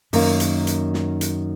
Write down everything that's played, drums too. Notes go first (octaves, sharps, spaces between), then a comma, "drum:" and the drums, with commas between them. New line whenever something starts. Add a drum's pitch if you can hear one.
F#2 D#3 A#3, drum: open hi-hat
drum: hi-hat
drum: hi-hat
drum: snare
drum: hi-hat